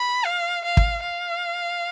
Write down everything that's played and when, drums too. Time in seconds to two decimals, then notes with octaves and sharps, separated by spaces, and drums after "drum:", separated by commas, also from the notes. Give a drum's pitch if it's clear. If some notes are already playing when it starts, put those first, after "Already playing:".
Already playing: B5
0.26 F5
0.65 F5
0.77 drum: kick
1.03 F5